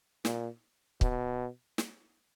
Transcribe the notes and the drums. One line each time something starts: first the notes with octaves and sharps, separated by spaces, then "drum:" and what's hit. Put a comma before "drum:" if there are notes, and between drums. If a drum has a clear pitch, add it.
A#2, drum: snare
B2, drum: kick
drum: snare